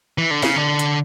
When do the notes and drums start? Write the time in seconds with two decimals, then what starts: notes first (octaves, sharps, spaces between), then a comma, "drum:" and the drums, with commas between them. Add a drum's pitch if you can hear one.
0.18 E3
0.31 D3
0.43 C#3, drum: snare
0.56 D3
0.79 drum: hi-hat